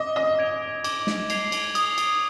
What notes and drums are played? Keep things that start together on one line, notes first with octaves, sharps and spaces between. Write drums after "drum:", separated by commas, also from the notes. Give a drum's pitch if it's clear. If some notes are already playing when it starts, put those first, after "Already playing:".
Already playing: D#5 D6
D#5
G#6 D7 F7
D6, drum: cymbal
drum: snare
G#6 C7 F7, drum: cymbal
drum: cymbal
D#6, drum: cymbal
drum: cymbal